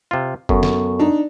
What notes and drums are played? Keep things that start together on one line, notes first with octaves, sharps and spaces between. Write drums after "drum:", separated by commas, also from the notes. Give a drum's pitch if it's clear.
C3 F4
F#2 B3 A4 C#6, drum: kick F#1
drum: snare
D4 D#4